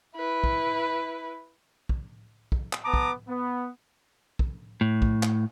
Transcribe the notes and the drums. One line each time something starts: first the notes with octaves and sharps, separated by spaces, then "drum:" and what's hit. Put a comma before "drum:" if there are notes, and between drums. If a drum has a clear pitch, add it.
E4 B4
drum: kick
drum: kick
drum: kick
drum: clap
B3 A5 A#5 D6 D#6
drum: kick
B3
drum: kick
A2
drum: kick
drum: clap